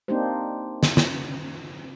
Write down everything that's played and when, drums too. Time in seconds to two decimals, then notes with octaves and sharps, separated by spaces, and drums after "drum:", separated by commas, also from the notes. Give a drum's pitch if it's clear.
0.08 A#3 C4 D4 D#4 G4 C5
0.83 drum: snare
0.97 drum: snare